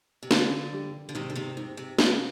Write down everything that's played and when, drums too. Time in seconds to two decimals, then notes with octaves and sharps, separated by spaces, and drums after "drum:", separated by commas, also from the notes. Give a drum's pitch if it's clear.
0.23 C3
0.31 D3 F4, drum: snare
0.73 G3
1.09 D3
1.14 G#2 C3 D#3
1.30 D3
1.36 C3 D#3
1.57 G#2 C3
1.77 C3
1.99 C3 A#3, drum: snare